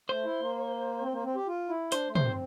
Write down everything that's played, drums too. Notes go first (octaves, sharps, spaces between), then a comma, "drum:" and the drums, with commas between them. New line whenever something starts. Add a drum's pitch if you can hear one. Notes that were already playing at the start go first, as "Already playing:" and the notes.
A3 C5
E4
A#3
C4
A#3
C4
G4
F4
E4
D4 C5, drum: hi-hat
A3
C5, drum: tom
C4